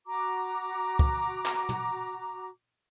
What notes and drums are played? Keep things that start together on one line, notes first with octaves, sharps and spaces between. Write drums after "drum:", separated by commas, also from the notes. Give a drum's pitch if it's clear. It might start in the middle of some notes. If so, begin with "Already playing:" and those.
F#4 A#5 D6
drum: kick
drum: clap
drum: tom